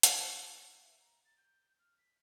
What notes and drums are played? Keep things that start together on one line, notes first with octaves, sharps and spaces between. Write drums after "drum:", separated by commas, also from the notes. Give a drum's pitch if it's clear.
drum: hi-hat
D5
F#5
E5
A#5
A6
G6
F6
B6